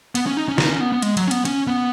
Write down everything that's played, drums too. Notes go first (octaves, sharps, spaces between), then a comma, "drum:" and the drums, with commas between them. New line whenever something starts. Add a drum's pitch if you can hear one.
B3, drum: cymbal
C#4
D#4
C#4
D#4, drum: snare
C#4
B3
B3
G#3, drum: cymbal
F#3, drum: cymbal
C#4
B3, drum: cymbal
C#4, drum: cymbal
B3